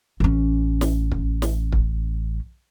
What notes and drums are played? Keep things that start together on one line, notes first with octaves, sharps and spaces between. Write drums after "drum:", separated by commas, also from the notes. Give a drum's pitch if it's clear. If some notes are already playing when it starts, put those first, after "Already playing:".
A1 C#4
drum: snare
drum: kick
drum: snare
drum: kick